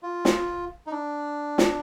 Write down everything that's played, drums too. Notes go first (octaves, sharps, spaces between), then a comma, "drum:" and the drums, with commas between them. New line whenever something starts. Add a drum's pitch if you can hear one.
F4
drum: snare
D#4
D4
drum: snare